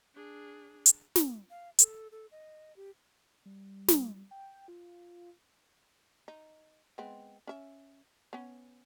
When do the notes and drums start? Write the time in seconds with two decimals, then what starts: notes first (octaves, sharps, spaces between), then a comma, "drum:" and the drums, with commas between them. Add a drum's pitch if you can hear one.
0.15 D4 G#4
0.86 drum: hi-hat
1.16 drum: snare
1.50 F5
1.79 A4, drum: hi-hat
2.12 A4
2.31 D#5
2.76 G4
3.46 G3
3.88 drum: snare
4.31 G5
4.68 F4
6.28 D#4
6.98 G#3 B3 C4
7.47 C#4 E5
8.33 B3 C#4